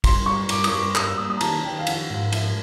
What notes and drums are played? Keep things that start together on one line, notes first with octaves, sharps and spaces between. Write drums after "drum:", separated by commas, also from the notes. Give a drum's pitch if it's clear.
G2 C6, drum: kick, cymbal
G3 C#6
G2 D6, drum: cymbal
D#6, drum: cymbal
G2 D6
G3 D#6, drum: clap
E6
A#3 D#6
D#6
A#5
D#3 A5, drum: cymbal
D#3 G5
F5
F3 F#5, drum: cymbal
G#2 F5
F3 E5, drum: cymbal